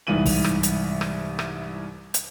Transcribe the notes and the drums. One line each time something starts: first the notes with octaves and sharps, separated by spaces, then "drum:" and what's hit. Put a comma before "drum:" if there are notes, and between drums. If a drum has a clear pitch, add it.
C2 G#2 E3 D#7 F#7
drum: kick, open hi-hat
drum: rim click
drum: hi-hat
drum: rim click
drum: rim click
drum: hi-hat